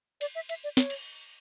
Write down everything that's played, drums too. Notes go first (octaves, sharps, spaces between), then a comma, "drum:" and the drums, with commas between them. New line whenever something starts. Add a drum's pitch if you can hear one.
D5, drum: cymbal
E5
E5, drum: cymbal
D5
C#5, drum: snare
drum: cymbal